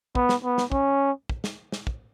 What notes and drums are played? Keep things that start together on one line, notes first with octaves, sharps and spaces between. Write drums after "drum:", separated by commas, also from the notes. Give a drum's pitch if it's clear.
B3, drum: kick
drum: snare
B3
drum: snare
C#4, drum: kick
drum: kick
drum: snare
drum: snare
drum: kick